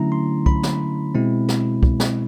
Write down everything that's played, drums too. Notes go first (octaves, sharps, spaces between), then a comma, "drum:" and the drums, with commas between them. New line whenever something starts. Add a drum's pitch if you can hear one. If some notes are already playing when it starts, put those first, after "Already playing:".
Already playing: D3 F#3 A3 C#4 E4 A#5
C6
B5, drum: kick C2
drum: snare
B2 G#3 C4 E4
drum: snare
drum: kick C2
drum: snare